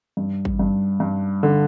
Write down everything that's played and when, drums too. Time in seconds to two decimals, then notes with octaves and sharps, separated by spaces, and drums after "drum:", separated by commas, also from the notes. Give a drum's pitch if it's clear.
0.17 G2
0.45 drum: kick G#1
0.59 G2
1.00 G2
1.43 D3